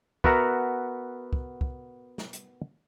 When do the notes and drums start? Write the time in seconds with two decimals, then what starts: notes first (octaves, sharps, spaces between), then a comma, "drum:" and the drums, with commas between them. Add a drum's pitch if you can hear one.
0.24 B3 F#4 A#4 E5 F#5 A#5, drum: kick
1.33 drum: kick
1.61 drum: kick
2.18 drum: snare
2.33 drum: hi-hat